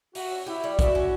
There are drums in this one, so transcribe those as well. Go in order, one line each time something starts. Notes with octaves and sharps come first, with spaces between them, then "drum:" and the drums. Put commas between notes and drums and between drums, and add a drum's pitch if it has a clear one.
E4 F#4, drum: open hi-hat
C#4
E4 G4
G3
E4 F#4, drum: kick, hi-hat
C#4